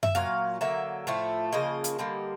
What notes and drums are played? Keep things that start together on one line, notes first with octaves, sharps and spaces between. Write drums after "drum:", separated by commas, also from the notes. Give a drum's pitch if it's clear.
E5, drum: tom F#2
A#2 F#3 F5
D3 F#3 A#3 E5
A2 F3 A3
C#3 F3 A#3 D#5
drum: hi-hat
D3 G3 A#3